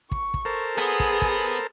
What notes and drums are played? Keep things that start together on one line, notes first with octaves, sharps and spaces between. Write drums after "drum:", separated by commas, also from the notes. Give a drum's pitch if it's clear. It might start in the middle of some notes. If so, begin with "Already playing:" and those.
C#6, drum: kick
drum: kick
A4 A#4 C5
B3 G#4, drum: rim click
drum: kick
drum: kick